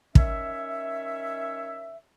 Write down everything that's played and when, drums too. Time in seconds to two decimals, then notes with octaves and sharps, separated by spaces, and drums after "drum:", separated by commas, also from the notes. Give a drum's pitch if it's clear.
0.15 D#3 C#4 C#5 E5, drum: kick